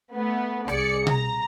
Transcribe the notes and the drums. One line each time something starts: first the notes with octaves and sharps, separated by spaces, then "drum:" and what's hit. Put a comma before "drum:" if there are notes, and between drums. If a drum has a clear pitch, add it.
A3 B3
C2 G#4 D5 C#7, drum: rim click
A#5, drum: tom B2